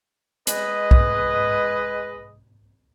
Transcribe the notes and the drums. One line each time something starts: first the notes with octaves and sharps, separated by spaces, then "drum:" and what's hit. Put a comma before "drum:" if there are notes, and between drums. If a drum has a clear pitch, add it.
G#3 B4 D#5, drum: hi-hat
drum: kick B1